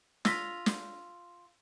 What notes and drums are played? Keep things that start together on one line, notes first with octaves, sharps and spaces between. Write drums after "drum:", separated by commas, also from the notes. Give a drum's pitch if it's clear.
F4 E6 A#6 B6, drum: snare
drum: snare